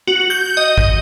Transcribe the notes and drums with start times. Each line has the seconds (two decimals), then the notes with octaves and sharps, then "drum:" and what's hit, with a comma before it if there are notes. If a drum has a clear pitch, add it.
0.07 F#4
0.30 G6
0.57 D#5
0.78 drum: kick